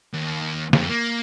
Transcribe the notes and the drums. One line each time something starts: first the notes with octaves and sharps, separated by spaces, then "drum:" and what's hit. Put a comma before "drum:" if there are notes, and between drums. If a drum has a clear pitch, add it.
D#2
F2, drum: snare
A#3